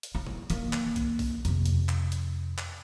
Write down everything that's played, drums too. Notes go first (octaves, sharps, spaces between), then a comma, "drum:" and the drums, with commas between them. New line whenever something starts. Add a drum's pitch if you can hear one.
drum: hi-hat
E4
drum: tom
D#3 A#3, drum: hi-hat
drum: clap
drum: kick B1, hi-hat
drum: kick B1, open hi-hat
F2 C3, drum: hi-hat
drum: hi-hat
drum: clap
drum: hi-hat
drum: clap